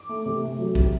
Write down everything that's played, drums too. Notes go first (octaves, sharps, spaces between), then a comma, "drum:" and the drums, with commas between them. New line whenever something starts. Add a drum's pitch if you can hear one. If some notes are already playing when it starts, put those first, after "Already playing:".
Already playing: D6
A3
C3
A3
F#3
C3, drum: kick